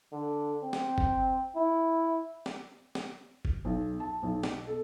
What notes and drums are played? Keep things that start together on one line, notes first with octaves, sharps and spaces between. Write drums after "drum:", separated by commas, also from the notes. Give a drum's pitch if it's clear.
D3
C4
drum: snare
drum: kick F#1
E4
drum: snare
drum: snare
drum: kick F#1
B1
A5
B1
B2, drum: snare
A4